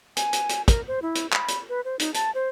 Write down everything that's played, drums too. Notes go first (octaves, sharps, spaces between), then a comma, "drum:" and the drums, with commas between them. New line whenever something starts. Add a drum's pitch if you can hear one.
G#5, drum: hi-hat
drum: hi-hat
drum: hi-hat
A#4, drum: kick, hi-hat
C5
E4
drum: hi-hat
B5, drum: clap
drum: hi-hat
B4
C5
D#4, drum: hi-hat
A5, drum: hi-hat
C5